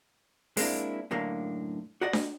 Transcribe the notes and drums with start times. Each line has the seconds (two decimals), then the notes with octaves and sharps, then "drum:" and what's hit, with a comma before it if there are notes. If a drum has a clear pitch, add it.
0.57 G#3 A#3 C4 D4 E4, drum: open hi-hat
1.11 F#2 A2 D3 A#3
2.01 F#4 D5 D#5 F#5
2.13 drum: snare D4